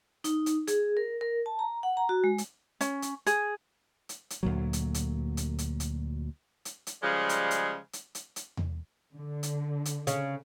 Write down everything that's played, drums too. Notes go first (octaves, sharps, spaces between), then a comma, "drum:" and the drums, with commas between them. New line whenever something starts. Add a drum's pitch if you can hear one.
D#4, drum: hi-hat
drum: hi-hat
G#4, drum: hi-hat
A#4
A#4
A5
A#5
F#5
A#5
F#4
G#3
drum: hi-hat
C#4, drum: hi-hat
drum: hi-hat
G#4, drum: hi-hat
drum: hi-hat
drum: hi-hat
D2 A#2 F#3
drum: hi-hat
drum: hi-hat
drum: hi-hat
drum: hi-hat
drum: hi-hat
drum: hi-hat
drum: hi-hat
C#3 F3 G3 G#3
drum: hi-hat
drum: hi-hat
drum: hi-hat
drum: hi-hat
drum: hi-hat
drum: tom E2
D3
drum: hi-hat
drum: hi-hat
C#3, drum: hi-hat